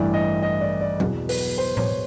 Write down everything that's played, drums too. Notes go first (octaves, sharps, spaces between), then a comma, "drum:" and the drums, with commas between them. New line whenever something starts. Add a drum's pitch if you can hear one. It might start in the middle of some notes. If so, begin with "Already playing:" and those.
Already playing: A1 G2 E3 D5
D#5
D#5
D5
D5
E2 B2 F#3 B3 B4, drum: tom F#3
B4, drum: open hi-hat
C5
C#5, drum: tom A2